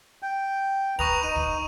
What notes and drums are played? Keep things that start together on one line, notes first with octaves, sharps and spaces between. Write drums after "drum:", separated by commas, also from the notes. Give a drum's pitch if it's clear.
G5
B4 A#5 C#6 D#6 F7, drum: kick
D#4 D#7
drum: kick